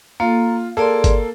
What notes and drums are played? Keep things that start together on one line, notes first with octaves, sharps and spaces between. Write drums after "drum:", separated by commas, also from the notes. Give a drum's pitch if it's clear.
A#3 F4 A4
A#3 G#4 A4 D5 C6
drum: kick G1, hi-hat